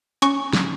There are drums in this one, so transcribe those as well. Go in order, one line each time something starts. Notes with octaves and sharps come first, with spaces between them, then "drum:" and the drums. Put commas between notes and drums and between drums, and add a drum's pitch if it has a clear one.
C#4 C#6, drum: hi-hat
drum: snare